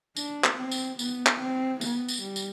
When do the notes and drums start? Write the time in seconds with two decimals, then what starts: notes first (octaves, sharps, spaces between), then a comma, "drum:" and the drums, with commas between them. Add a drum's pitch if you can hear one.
0.17 D4, drum: tambourine
0.44 drum: clap
0.58 C4
0.71 drum: tambourine
0.99 B3, drum: tambourine
1.26 drum: clap
1.40 C4
1.81 B3, drum: tambourine
2.08 drum: tambourine
2.22 G3
2.36 drum: tambourine